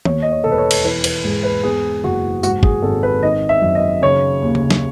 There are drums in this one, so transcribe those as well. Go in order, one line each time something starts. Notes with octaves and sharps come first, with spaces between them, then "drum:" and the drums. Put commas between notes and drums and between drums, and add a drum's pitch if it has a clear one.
D#2 C#5, drum: tom D#3
D#5
C#5
E1 A4
B4
C#5
drum: cymbal
E3 B4
B4, drum: cymbal
G#2 G#4
B4
E2 G#4
F#1 F#4
G#2 F#4, drum: tambourine
G#4, drum: kick
G#1 A4
B4
D#3 D#5
E5
F#2
D#5
C#3 C#5
D#2
drum: tom C#3
drum: snare